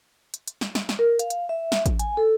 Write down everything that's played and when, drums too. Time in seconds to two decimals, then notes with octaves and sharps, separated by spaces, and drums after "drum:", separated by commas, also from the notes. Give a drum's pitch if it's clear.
0.34 drum: hi-hat
0.48 drum: hi-hat
0.61 drum: snare
0.75 drum: snare
0.89 drum: snare
0.99 A#4
1.19 F5, drum: hi-hat
1.30 drum: hi-hat
1.49 E5
1.72 drum: snare
1.86 drum: kick A1, hi-hat
1.99 G#5, drum: hi-hat
2.17 A4